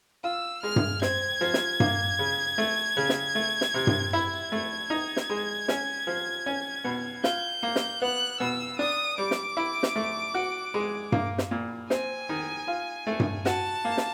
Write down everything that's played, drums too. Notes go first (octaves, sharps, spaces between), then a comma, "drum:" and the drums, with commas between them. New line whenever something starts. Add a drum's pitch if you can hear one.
F4 E6
G#3 F6
drum: tom G2
C4 G#6, drum: snare
F3
drum: snare
A#3, drum: tom G2
C#3
A3
C#3
drum: snare
A3
drum: snare
C3
drum: tom G2
E4 G#6
A3
D#4
drum: snare
G#3
C#4, drum: snare
F3
C#4
B2
F4 G6, drum: snare
A#3
drum: snare
B3 F#6
B2 E6
D4 D#6
G3 D6
drum: snare
E4
drum: snare
A3
F#4
G#3
A#3, drum: tom G2
drum: snare
A#2
C4 G#5, drum: snare
D#3
F4
A3
drum: tom G2
F#4 A5, drum: snare
A#3
drum: snare